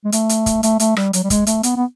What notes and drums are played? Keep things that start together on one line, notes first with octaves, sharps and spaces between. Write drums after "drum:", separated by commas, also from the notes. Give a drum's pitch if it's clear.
G#3
A3, drum: hi-hat
drum: hi-hat
drum: kick, hi-hat
A3, drum: hi-hat
A3, drum: hi-hat
G3, drum: rim click
F#3, drum: hi-hat
G3
G#3, drum: kick, hi-hat
A3, drum: hi-hat
B3, drum: hi-hat
B3